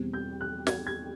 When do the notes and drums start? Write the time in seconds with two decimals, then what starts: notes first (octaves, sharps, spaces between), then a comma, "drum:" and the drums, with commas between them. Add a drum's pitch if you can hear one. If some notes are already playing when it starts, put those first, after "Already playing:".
Already playing: E2 B2 G3 C4
0.13 G6
0.41 F#6
0.67 G#6, drum: snare
0.87 G#6